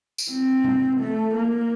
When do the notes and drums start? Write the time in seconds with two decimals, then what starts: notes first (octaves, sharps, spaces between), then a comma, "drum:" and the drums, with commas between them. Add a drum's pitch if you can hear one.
0.18 drum: tambourine
0.31 C4
0.64 drum: tom C3
1.00 A3
1.35 A#3